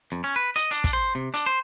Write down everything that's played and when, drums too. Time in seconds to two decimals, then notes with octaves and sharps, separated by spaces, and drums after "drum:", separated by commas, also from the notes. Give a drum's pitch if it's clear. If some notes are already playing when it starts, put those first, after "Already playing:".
0.12 F2
0.24 C#4
0.36 B4
0.56 D#5, drum: hi-hat
0.71 D4, drum: hi-hat
0.84 drum: kick, hi-hat
0.93 C5
1.15 C3
1.34 D4, drum: hi-hat
1.46 C5